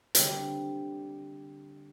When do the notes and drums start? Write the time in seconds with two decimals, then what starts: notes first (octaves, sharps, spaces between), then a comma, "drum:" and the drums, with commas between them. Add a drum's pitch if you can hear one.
0.15 D3 G3 C4 G4, drum: hi-hat